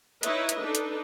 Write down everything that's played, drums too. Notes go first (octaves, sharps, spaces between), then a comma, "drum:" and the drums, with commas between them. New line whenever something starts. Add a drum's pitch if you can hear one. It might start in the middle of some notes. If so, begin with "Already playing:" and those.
D#4 E4 B4 C#5 D#5 E5, drum: hi-hat
drum: hi-hat
D4 D#4 A4 B4
drum: hi-hat